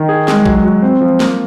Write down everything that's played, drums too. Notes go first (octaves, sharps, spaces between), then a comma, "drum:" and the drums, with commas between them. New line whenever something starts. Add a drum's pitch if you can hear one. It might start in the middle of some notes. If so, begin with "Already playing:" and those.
Already playing: D#3
G#4
G#3, drum: snare
F#3, drum: kick A#1
F#4
C4
F3
A#3, drum: snare